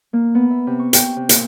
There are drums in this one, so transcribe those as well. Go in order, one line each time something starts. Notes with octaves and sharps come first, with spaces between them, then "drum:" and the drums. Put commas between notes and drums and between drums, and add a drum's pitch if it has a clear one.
A#3
B3
E5
C3
C#6
G5, drum: hi-hat
C3
A#2, drum: hi-hat